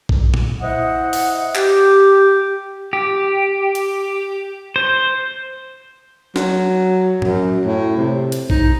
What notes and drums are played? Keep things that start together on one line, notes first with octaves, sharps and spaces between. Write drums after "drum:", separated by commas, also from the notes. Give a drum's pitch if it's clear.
drum: kick A#1
drum: tom A#2
E4 C5 D#5 F#5
drum: open hi-hat
G4, drum: clap
G4
drum: hi-hat
C5
F#3, drum: snare
F#2, drum: tom A2
A2
C3
drum: hi-hat
D#4, drum: kick A#1